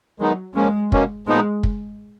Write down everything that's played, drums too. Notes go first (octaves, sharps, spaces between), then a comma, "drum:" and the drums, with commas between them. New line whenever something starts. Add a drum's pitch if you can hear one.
D#3 F#3 G#3 B3 D#4
C#3 F3 G#3 A#3 C#4
B2 A#3 C#4, drum: kick
A#2 F3 G#3 B3 D#4
drum: kick